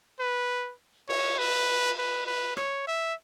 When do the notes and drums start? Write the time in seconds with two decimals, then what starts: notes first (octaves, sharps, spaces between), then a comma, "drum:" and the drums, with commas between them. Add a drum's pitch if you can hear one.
0.20 B4
1.09 C#5, drum: cymbal
1.39 B4
1.98 B4
2.27 B4
2.57 C#5, drum: rim click
2.87 E5